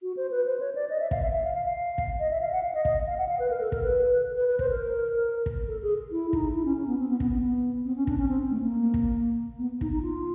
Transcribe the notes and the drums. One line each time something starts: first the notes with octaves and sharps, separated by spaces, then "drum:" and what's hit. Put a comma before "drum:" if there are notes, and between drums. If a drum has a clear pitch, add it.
F#4
C5
B4
C5
C#5
D5
D#5
E5
F5, drum: kick
E5
E5
F5
F5
F5
drum: kick
D#5
E5
F5
F#5
F5
D#5
D#5, drum: kick
F5
F#5
F5
B4
A#4
A4
A#4, drum: kick
B4
B4
B4
C5, drum: kick
A#4
drum: kick
A4
G#4
E4
D#4, drum: kick
E4
C#4
C#4
B3
C4
B3
B3, drum: kick
B3
B3
C4
C#4
D4, drum: kick
C#4
C4
A3
A#3
drum: kick
B3
D#4, drum: kick
D#4
F4